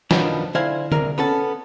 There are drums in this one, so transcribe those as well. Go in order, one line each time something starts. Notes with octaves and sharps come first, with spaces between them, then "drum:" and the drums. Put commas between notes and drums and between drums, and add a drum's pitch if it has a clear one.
F#2 B2 D#3 F3 B3 D4, drum: snare
D3 E4 C5 F5 G#5
C2 G#4 A#4 D5, drum: tom D3
B3 C#4 A4 A5